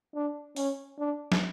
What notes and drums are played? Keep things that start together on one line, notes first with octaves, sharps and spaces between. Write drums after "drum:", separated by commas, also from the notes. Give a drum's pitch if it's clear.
D4
C#4, drum: open hi-hat
D4
drum: snare